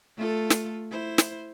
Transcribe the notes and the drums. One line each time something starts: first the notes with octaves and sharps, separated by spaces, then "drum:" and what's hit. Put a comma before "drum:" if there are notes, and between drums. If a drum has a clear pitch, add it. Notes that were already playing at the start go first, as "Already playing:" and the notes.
A3 F4 A4
drum: snare
E4 C5
drum: snare